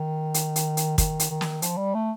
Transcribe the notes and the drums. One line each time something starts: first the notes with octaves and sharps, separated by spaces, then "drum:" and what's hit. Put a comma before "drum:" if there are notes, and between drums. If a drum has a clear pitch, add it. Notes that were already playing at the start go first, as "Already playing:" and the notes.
Already playing: D#3
drum: hi-hat
drum: hi-hat
drum: hi-hat
D#3, drum: kick, hi-hat
drum: hi-hat
D#3
drum: snare
F3, drum: hi-hat
G3
A3